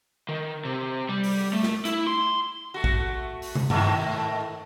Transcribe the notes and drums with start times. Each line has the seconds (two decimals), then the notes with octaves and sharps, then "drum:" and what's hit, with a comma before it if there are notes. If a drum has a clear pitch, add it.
0.29 D#3
0.65 C3
1.09 G3
1.24 drum: open hi-hat
1.53 A3
1.63 drum: snare
1.85 E4, drum: hi-hat
2.07 C6
2.74 A3 F#4
2.84 drum: kick
3.42 drum: open hi-hat
3.55 drum: tom
3.70 G#2 D#3 A3, drum: tom G2